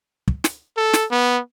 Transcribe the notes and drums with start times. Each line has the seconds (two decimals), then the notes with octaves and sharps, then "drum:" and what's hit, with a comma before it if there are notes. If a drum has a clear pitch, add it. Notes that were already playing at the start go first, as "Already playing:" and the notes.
0.28 drum: kick
0.44 drum: snare
0.77 A4
0.93 drum: snare
1.11 B3